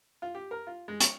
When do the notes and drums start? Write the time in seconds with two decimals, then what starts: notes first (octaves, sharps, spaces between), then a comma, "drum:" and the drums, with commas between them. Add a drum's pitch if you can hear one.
0.22 F4
0.35 G4
0.51 A#4
0.67 F4
0.88 G#3
1.00 C#6, drum: hi-hat